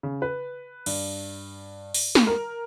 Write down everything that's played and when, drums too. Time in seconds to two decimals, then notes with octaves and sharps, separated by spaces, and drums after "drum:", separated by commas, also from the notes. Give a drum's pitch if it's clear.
0.03 C#3
0.22 B4
0.86 G2, drum: cymbal
1.94 drum: open hi-hat
2.15 drum: snare
2.27 A#4